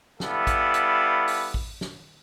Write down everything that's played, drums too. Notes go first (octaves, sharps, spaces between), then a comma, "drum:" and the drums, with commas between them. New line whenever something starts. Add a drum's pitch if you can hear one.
G3 B3 E4 A4 F5, drum: snare
drum: kick A1, hi-hat
drum: hi-hat
drum: open hi-hat
drum: kick A1
drum: snare